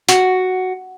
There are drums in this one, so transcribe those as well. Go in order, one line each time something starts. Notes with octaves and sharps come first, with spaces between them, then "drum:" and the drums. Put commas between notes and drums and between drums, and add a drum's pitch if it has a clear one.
F#4, drum: hi-hat